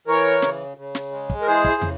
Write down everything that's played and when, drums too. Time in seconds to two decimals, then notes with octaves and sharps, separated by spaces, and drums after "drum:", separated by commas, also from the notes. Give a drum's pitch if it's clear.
0.07 E3 A#4 C#5
0.42 C#3, drum: snare
0.77 C#3
0.95 drum: snare
1.12 G#3
1.30 drum: kick
1.42 A#4
1.47 E3 G#4 C5
1.64 drum: kick
1.82 C#3, drum: tom